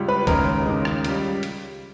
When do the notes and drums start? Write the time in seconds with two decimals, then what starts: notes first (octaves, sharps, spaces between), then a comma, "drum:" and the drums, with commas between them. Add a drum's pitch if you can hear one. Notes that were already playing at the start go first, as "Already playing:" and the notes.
Already playing: C#2 G3
0.08 B4 B5
0.27 D#2 C#3 G#3 A#4 A#5, drum: kick B1, hi-hat
0.66 D#2 C#3 G#3
0.85 drum: rim click
1.05 C#2 C#3 G3, drum: hi-hat
1.43 drum: hi-hat